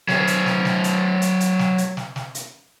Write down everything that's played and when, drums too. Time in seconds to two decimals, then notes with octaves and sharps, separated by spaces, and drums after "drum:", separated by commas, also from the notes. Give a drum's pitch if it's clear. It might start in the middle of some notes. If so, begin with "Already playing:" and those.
0.09 F#3 C5, drum: snare
0.27 drum: hi-hat
0.46 drum: snare
0.65 drum: snare
0.84 drum: hi-hat
1.22 drum: hi-hat
1.40 drum: hi-hat
1.59 drum: snare
1.78 drum: hi-hat
1.97 drum: snare
2.16 drum: snare
2.35 drum: hi-hat